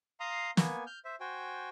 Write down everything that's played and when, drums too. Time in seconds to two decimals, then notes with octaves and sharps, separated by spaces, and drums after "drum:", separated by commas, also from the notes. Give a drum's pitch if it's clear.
0.20 F5 A#5 C6 D#6
0.57 A#3 B3 G#5, drum: snare
0.87 F6 G6
1.05 C5 E5
1.20 F#4 C5 G5 G#5